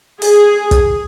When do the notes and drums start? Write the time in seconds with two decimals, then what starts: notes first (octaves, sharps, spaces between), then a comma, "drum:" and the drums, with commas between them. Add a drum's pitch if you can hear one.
0.22 G#4, drum: open hi-hat
0.71 drum: kick, hi-hat